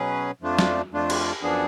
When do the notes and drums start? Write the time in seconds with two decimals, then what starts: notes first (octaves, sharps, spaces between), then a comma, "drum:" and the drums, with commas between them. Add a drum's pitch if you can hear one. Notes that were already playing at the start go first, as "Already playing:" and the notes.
Already playing: B2 F#3 C#4 G#4 B4
0.41 F2 F3 A3 D4 F4
0.59 drum: snare
0.91 F2 F3 A3 D4 F4
1.10 drum: cymbal
1.42 F#2 F3 B3 D4 G#4